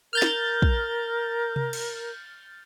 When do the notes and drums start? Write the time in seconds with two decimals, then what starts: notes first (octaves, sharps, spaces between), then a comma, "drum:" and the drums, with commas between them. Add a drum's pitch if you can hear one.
0.13 A#4 F6 G6 A6
0.22 drum: snare
0.62 drum: kick
1.56 drum: tom C3
1.73 drum: cymbal